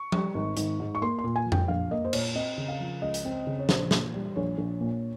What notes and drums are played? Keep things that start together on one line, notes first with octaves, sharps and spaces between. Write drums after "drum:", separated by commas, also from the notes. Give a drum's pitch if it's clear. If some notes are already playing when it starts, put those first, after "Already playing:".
Already playing: C#6
G3, drum: tom F3
G#1
G#1, drum: hi-hat
G#2
C#6
A#3 C6
C6
A#2
G#5
F3
G5, drum: tom F2
A#1 F5
A#3 D#5
C5
A#2 C#5, drum: cymbal
C4 D#5
C#3
F5
F3
C#2 D#5
drum: hi-hat
C4
C#3
C#5
A#1 C5, drum: snare
A#2, drum: snare
G3
A#1 C#5
A#1
A#2